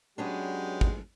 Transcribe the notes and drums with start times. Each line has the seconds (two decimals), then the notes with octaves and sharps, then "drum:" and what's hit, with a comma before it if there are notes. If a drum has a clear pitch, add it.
0.18 F#3 G#3 B3 C#4 D4 G4
0.81 drum: kick